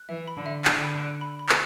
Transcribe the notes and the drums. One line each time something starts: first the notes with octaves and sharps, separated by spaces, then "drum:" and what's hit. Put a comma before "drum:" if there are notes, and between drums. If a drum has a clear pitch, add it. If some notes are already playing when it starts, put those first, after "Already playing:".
Already playing: F#6
E3 E5
B5
D3
E5
D3 F#5, drum: clap
B5
F#6
B5
B5
drum: clap